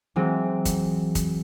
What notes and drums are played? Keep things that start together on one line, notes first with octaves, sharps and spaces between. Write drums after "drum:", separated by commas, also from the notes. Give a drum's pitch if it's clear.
E3 F#3 G#3 C4
drum: kick, hi-hat
drum: kick, hi-hat